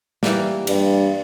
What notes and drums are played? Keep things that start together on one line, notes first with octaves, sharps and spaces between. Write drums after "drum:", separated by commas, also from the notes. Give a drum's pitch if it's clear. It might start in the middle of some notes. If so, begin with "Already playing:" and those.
E3 G3 A#3, drum: snare
G2, drum: cymbal